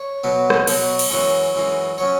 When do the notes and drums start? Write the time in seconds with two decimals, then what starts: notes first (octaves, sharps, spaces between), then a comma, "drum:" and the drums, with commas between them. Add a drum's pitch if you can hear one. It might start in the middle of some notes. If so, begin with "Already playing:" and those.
Already playing: C#5
0.24 B2 F#3 B3
0.50 drum: rim click
0.67 B2 F#3 B3, drum: cymbal
0.99 drum: cymbal
1.10 F#2 E3 G#3 C#5
1.55 F#2 E3 G#3
1.98 F#3 C#4 C#5